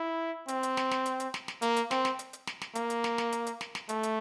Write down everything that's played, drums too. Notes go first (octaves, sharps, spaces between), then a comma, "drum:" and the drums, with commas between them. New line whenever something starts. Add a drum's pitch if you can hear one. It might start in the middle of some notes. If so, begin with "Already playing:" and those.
Already playing: E4
C4, drum: hi-hat
drum: hi-hat
drum: snare
drum: snare
drum: hi-hat
drum: hi-hat
drum: snare
drum: snare
A#3, drum: hi-hat
drum: hi-hat
C4, drum: snare
drum: snare
drum: hi-hat
drum: hi-hat
drum: snare
drum: snare
A#3, drum: hi-hat
drum: hi-hat
drum: snare
drum: snare
drum: hi-hat
drum: hi-hat
drum: snare
drum: snare
A3, drum: hi-hat
drum: hi-hat